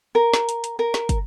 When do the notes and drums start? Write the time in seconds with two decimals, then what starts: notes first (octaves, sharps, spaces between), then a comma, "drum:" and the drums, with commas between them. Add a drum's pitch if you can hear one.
0.15 A#4
0.34 drum: snare
0.49 drum: hi-hat
0.64 drum: hi-hat
0.79 A#4
0.94 drum: snare
1.09 drum: kick, hi-hat